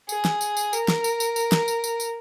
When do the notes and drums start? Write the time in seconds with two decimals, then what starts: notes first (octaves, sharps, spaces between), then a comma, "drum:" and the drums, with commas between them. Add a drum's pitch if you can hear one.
0.09 G#4, drum: tambourine
0.25 drum: snare
0.41 drum: tambourine
0.57 drum: tambourine
0.73 A#4, drum: tambourine
0.88 drum: snare
1.04 drum: tambourine
1.20 drum: tambourine
1.36 drum: tambourine
1.52 drum: snare
1.68 drum: tambourine
1.84 drum: tambourine
2.00 drum: tambourine